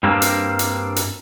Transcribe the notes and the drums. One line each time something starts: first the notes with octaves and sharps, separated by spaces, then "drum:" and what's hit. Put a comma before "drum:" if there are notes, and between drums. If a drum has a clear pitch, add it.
G2 G3 A#3 C4 D4
drum: hi-hat
drum: hi-hat
drum: hi-hat